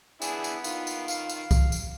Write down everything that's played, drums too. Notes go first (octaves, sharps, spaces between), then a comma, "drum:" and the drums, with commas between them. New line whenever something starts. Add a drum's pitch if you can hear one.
B3 D4 E4 G#4, drum: tambourine
drum: tambourine
D#3 F4, drum: tambourine
drum: tambourine
F5, drum: tambourine
drum: tambourine
drum: kick C2, tambourine
drum: tambourine